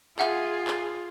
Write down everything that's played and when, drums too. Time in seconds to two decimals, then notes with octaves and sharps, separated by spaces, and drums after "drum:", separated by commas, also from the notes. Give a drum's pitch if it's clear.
0.19 F4 G#4 E5 F#5, drum: clap
0.67 drum: clap